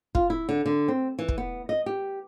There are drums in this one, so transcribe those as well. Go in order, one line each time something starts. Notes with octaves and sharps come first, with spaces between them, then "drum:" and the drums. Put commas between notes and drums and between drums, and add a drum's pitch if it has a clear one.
F4, drum: kick
E4
D3
D3
C4
E3
drum: kick
B3
D#5
G4